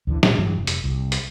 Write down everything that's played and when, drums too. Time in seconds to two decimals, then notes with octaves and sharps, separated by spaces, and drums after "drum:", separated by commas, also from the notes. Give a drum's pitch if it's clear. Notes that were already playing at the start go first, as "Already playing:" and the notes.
0.07 D2 D3 E3
0.23 A#2 G#3, drum: snare
0.38 G2 E3 F#3
0.56 F1
0.67 drum: hi-hat
0.84 C2
1.12 drum: hi-hat